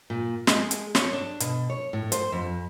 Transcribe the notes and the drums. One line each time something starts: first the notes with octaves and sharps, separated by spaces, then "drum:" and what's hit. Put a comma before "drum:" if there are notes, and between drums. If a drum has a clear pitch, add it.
A#2
G#3, drum: snare
drum: hi-hat
C#5, drum: snare
D4
B2, drum: hi-hat
C#5
A2
C5, drum: hi-hat
F2